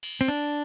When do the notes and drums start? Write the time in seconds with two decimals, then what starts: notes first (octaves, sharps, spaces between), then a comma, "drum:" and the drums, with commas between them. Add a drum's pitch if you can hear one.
0.03 drum: cymbal
0.21 C4
0.28 D4